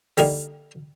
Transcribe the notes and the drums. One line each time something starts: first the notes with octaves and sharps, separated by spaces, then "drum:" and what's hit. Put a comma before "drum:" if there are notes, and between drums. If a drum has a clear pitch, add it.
D3 G3 A#3 D#4 G#4, drum: open hi-hat